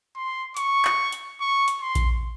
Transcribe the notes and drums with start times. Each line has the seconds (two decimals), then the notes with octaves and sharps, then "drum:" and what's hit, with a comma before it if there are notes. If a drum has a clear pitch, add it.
0.16 C6
0.57 C#6, drum: hi-hat
0.85 drum: clap
1.12 drum: hi-hat
1.40 C#6
1.68 drum: hi-hat
1.81 C6
1.95 drum: kick A#1, hi-hat